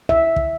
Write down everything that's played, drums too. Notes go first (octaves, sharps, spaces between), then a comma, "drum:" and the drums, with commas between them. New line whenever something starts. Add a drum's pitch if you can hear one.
E5, drum: kick
drum: kick